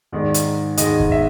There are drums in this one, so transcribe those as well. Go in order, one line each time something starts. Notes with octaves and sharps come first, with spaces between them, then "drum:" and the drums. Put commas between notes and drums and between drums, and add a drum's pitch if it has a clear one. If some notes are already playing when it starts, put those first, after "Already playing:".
G#2 D#3 G#3 D5
drum: hi-hat
G#2 D#3 G#3 D#5, drum: hi-hat
drum: kick
E5